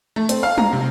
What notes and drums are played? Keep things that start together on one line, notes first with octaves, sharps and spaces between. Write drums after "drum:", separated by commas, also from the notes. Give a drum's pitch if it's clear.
A3
C4, drum: hi-hat
F5
A#5, drum: tom
C3